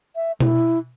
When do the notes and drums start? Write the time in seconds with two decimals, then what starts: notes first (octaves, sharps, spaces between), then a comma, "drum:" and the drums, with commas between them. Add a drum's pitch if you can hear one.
0.16 E5
0.40 E4, drum: tom B2